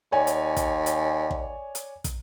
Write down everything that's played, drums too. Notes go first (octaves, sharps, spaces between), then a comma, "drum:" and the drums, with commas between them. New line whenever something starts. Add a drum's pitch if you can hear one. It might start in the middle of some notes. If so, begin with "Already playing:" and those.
D#2 C#5 D5 G#5
drum: hi-hat
drum: kick, hi-hat
drum: hi-hat
drum: kick
drum: hi-hat
drum: kick, hi-hat